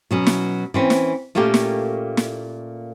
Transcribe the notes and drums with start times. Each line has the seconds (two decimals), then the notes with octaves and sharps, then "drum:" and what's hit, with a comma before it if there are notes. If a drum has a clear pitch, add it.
0.11 B2 F#3 C#4
0.27 drum: snare
0.74 E3 C4 C#4
0.90 drum: snare
1.35 A#2 A3 A#3 C#4 G4
1.54 drum: snare
2.17 drum: snare